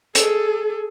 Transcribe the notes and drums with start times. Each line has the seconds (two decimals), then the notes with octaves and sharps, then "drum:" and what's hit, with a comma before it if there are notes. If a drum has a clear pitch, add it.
0.15 G#4 A4, drum: hi-hat